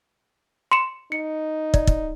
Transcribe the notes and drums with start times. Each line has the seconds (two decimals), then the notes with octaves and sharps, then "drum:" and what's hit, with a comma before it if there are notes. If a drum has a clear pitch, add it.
0.71 C6 C#7 E7
1.12 D#4 C#7
1.74 D5, drum: kick
1.87 drum: kick